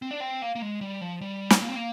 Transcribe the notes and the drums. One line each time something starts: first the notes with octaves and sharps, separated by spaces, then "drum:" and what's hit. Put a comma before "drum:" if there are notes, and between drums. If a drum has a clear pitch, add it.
C4
D4
C4
A#3
A#3
G#3
G3
F3
G3
drum: snare
A#3
C4
A#3